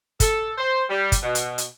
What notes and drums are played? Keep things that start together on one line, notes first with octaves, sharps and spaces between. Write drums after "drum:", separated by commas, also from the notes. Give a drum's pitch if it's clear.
A4, drum: kick, hi-hat
C5
G3
drum: kick, hi-hat
B2
drum: hi-hat
drum: hi-hat